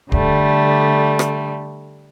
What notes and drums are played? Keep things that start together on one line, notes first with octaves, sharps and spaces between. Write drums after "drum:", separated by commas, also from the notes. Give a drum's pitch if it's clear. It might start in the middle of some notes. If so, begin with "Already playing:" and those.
D3 G3 A3, drum: kick
drum: rim click